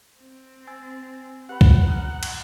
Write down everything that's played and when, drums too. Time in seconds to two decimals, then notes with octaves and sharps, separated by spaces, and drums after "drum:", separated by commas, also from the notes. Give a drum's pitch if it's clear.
0.18 C4
0.67 G#5 E6 A6
1.49 G4 B4 F#5 B5
1.61 drum: kick C#2
1.86 A#5 D#6 F6
2.23 drum: cymbal